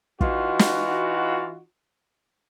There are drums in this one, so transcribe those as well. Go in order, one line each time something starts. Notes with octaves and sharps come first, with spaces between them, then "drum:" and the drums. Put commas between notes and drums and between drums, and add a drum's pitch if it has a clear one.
E3 D#4 F4 F#4, drum: kick
drum: snare